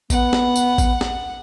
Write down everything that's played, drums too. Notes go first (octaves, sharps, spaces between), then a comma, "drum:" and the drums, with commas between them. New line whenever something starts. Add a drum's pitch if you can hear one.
B3 F#5, drum: kick A1, tambourine
drum: snare
drum: tambourine
drum: kick A1, tambourine
drum: snare